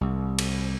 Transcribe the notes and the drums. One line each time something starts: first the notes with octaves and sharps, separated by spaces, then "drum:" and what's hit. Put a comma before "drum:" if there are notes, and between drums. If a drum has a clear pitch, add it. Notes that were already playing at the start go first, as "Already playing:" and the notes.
C2
drum: cymbal